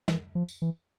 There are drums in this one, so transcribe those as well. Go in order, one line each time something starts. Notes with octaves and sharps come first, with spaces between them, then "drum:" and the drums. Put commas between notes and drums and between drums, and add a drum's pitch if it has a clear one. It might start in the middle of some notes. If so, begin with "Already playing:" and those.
E3, drum: snare
F3
drum: tambourine
E3